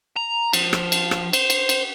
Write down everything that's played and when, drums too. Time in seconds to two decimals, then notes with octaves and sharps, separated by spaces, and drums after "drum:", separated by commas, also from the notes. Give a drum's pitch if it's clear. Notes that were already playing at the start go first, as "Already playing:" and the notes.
0.16 A#5
0.53 F3, drum: cymbal
0.73 drum: rim click
0.92 drum: cymbal
1.11 drum: rim click
1.33 C5, drum: cymbal
1.50 drum: cymbal
1.69 drum: cymbal